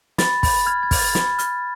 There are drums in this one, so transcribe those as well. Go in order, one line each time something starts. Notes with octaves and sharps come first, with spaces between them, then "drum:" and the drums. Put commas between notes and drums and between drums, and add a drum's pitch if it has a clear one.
B5 A6, drum: snare
B5, drum: kick, open hi-hat
F6 G#6
G#6
F6, drum: kick, open hi-hat
A6
B5, drum: snare
F6, drum: hi-hat